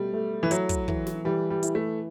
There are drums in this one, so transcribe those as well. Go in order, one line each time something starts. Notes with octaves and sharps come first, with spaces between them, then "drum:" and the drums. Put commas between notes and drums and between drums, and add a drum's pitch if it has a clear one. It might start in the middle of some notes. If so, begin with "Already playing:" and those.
Already playing: B2 G3 A3
A3
E3
F#3 E4, drum: hi-hat
drum: kick, hi-hat
E3, drum: kick
drum: snare
E3 G3
G3
E4, drum: hi-hat
A3